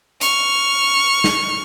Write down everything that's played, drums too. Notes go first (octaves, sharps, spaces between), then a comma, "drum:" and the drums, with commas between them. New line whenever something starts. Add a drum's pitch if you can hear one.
C#6 F6, drum: hi-hat
drum: snare